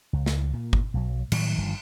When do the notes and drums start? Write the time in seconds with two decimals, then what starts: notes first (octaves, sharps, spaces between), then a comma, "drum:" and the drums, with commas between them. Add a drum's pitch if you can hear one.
0.13 C#2
0.26 drum: snare
0.53 A#2
0.73 drum: kick G1
0.94 B1 F#3
1.32 A2 D#3 F#3 G3, drum: cymbal
1.58 G1 G2 D#3 F3